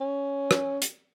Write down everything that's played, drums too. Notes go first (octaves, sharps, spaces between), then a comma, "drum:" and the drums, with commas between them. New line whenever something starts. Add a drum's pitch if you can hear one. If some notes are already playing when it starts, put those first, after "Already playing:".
C#4
drum: rim click
drum: hi-hat